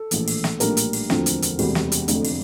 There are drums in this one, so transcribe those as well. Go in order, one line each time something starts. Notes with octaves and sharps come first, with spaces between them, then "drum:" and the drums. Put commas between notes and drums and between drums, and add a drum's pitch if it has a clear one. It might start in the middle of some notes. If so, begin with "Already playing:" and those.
Already playing: A4
A#1 A2 E3, drum: hi-hat
drum: open hi-hat
drum: snare
A#1 A2 G3 A#3 D4 A#4, drum: hi-hat
drum: hi-hat
drum: open hi-hat
E1 D2 D3 F3 C4, drum: snare
drum: hi-hat
drum: hi-hat
E1 D2 C3 E3 G3, drum: open hi-hat
drum: snare
drum: hi-hat
F1 F2 D3 A3, drum: hi-hat
drum: open hi-hat